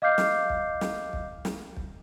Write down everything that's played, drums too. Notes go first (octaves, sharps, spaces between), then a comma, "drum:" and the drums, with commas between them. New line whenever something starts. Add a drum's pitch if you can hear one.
D#5 F5 D6 F6 G6 C7
drum: snare
drum: kick
drum: snare
drum: kick
drum: snare
drum: kick